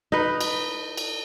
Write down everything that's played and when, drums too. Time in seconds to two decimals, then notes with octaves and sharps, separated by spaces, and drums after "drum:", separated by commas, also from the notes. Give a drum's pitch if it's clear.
0.12 D#4 B4
0.41 drum: cymbal
0.97 drum: cymbal